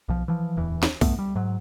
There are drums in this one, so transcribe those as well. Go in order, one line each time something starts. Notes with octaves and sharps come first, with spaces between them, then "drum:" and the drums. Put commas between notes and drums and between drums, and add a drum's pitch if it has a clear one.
B1 F3
E3 F3
D1 E2 E3
drum: snare
C2 G2 A3 B3, drum: kick A#1, open hi-hat
G3
G#2 F#3